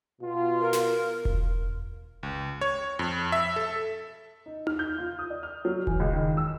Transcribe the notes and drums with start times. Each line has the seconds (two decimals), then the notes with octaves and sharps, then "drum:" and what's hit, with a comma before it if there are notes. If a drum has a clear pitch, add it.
0.21 B2 F4
0.61 A#4
0.73 drum: snare
1.25 drum: kick E1
2.23 C#2
2.61 C#5
2.99 F2
3.32 E5
3.56 A4
4.46 D#4
4.67 F6, drum: tom D#4
4.79 G6
4.98 F4
5.19 D#6
5.30 D5
5.43 F6
5.65 F#3
5.87 E3, drum: kick E1
6.00 C#2
6.13 D#3
6.37 E6